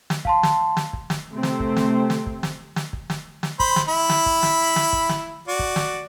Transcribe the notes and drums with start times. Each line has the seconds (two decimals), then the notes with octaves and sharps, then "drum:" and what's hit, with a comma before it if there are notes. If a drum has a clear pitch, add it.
0.10 drum: snare
0.25 F5 A5 C6, drum: kick
0.43 drum: snare
0.77 drum: snare
0.93 drum: kick
1.10 drum: snare
1.32 C3 A3 C4
1.43 drum: snare
1.60 drum: kick
1.76 drum: snare
2.10 drum: snare
2.26 drum: kick
2.43 drum: snare
2.76 drum: snare
2.93 drum: kick
3.10 drum: snare
3.43 drum: snare
3.60 C5 B5, drum: kick
3.76 drum: snare
3.88 E4 B5
4.09 drum: snare
4.26 drum: kick
4.43 drum: snare
4.76 drum: snare
4.93 drum: kick
5.09 drum: snare
5.48 F#4 D5
5.59 drum: kick
5.76 drum: snare